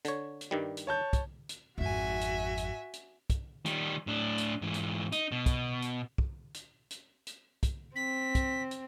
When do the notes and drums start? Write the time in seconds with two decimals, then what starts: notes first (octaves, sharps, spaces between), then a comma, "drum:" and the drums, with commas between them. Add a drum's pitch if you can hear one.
0.05 D3 C#5, drum: hi-hat
0.41 drum: hi-hat
0.51 G2 D#3 G3
0.77 drum: hi-hat
0.87 C#5 A5 G6
1.13 drum: kick, hi-hat
1.49 drum: hi-hat
1.78 G#1 F2 F#4 E5 G#5
2.21 drum: hi-hat
2.57 drum: hi-hat
2.94 drum: hi-hat
3.30 drum: kick, hi-hat
3.66 D#3 G3, drum: hi-hat
4.07 A2 D4
4.38 drum: hi-hat
4.62 G#2 E3
4.74 drum: hi-hat
5.12 D#4, drum: hi-hat
5.32 B2
5.46 drum: kick, hi-hat
5.82 drum: hi-hat
6.18 drum: kick
6.54 drum: hi-hat
6.91 drum: hi-hat
7.27 drum: hi-hat
7.63 drum: kick, hi-hat
7.96 C4 B6
8.35 drum: kick, hi-hat
8.71 drum: hi-hat